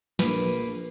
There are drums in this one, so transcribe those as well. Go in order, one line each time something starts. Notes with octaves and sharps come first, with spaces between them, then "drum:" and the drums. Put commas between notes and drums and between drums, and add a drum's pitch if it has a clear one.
A#1 A#3 B4, drum: snare